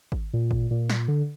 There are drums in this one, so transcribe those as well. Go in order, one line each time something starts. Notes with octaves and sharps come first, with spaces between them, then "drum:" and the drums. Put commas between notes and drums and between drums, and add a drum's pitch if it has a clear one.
drum: kick G#1
A#2
drum: kick G#1
A#2
drum: snare
D3